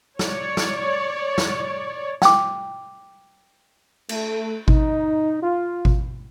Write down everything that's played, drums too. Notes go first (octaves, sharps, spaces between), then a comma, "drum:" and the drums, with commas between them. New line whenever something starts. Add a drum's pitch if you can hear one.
C#5 D5, drum: snare
drum: snare
drum: snare
G5 D6, drum: snare
A3, drum: cymbal
D#4, drum: kick G#1
F4
drum: kick G#1